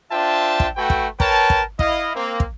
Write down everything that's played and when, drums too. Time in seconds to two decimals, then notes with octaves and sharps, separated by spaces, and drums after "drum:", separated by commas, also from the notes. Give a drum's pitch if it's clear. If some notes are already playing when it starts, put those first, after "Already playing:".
0.12 D4 F4 C5 E5 G5 A5
0.60 drum: kick
0.76 A3 F#4 A4 B4 G5
0.90 drum: kick
1.20 A#4 B4 C#5 G5 A5, drum: kick
1.50 drum: kick
1.79 E4 D#5 F5, drum: kick
2.16 A#3 C4
2.40 drum: kick